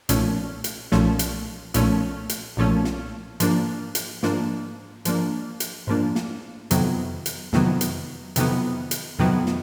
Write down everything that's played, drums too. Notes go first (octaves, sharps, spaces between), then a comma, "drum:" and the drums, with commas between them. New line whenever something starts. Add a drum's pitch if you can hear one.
B1 A#2 F3 A3 C#4, drum: hi-hat
drum: hi-hat
B1 A#2 F3 A3 C#4, drum: snare
drum: hi-hat
B1 A#2 F3 A3 C#4, drum: hi-hat
drum: hi-hat
B1 A#2 F3 A3 C#4
drum: snare
G#2 F3 A#3 D4, drum: hi-hat
drum: hi-hat
G#2 F3 A#3 D4, drum: snare
G#2 F3 A#3 D4, drum: hi-hat
drum: hi-hat
G#2 F3 A#3 D4
drum: snare
F2 C3 D#3 F#3 B3, drum: hi-hat
drum: hi-hat
F2 C3 D#3 F#3 B3, drum: snare
drum: hi-hat
F2 C3 D#3 F#3 B3, drum: hi-hat
drum: hi-hat
F2 C3 D#3 F#3 B3
drum: snare